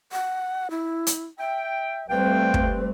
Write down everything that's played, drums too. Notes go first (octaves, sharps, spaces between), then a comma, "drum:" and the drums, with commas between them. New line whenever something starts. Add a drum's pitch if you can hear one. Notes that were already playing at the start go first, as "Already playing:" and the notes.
F#5
E4
drum: hi-hat
E5 G5
G3 A3 C4 B4 D5 F5 G5
drum: kick